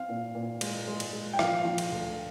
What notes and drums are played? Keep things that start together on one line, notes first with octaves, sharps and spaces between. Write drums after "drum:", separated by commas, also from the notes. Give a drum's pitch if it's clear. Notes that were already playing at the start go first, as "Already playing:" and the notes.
Already playing: C4 F5
A#2
A#2
G#3, drum: cymbal
G#3
drum: cymbal
G#3
G5
F3 F5, drum: rim click
F3
drum: cymbal
D2